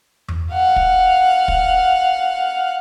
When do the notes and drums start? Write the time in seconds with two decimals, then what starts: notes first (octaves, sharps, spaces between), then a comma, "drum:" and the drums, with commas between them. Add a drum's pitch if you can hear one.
0.28 drum: tom E2
0.52 F5 F#5
0.76 drum: kick
1.48 drum: kick